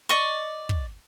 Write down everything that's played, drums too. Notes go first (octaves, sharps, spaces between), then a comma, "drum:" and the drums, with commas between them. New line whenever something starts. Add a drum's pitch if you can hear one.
D5 D#5 C#6
drum: kick